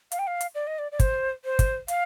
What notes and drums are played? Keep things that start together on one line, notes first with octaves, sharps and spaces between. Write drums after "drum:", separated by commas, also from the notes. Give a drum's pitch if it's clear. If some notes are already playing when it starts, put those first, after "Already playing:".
F5, drum: hi-hat
G5
F5
drum: hi-hat
D5
D#5
D5
D5
C5, drum: kick, hi-hat
C5
drum: kick, hi-hat
F5, drum: hi-hat